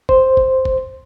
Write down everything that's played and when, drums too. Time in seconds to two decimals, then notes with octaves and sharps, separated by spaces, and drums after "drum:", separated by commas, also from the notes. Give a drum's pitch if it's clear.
0.09 C5, drum: kick
0.37 drum: kick
0.65 drum: kick